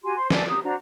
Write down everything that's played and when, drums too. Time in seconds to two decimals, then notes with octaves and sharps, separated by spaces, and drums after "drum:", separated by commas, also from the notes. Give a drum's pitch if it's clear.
0.03 F#4 G4 G#5 C6
0.16 C5 C6
0.30 A4 D5 G#5 D6, drum: snare
0.49 G4 A#5 D#6
0.63 D4 F#4 C5 A#5